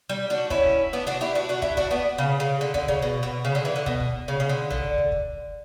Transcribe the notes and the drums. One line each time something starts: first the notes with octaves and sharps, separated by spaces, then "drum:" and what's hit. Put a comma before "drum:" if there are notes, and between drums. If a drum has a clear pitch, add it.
G3
D4 F#4
C#4 E4, drum: kick
drum: kick
B3 D4
D4 F#4
E4 G4
D4 F#4
D4 F#4
E4 G4, drum: kick
D4 F#4, drum: kick
B3 D4
C#3
C#3
D3
D3, drum: kick
C#3, drum: kick
B2
B2
C#3
D3
E3
D3
B2, drum: kick
drum: kick
C#3
C#3
D3
D3, drum: tom
drum: kick
drum: kick